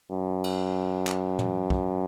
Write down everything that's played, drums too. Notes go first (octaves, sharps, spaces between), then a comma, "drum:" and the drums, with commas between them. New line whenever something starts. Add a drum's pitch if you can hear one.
F#2
drum: cymbal
drum: clap
drum: tom
drum: kick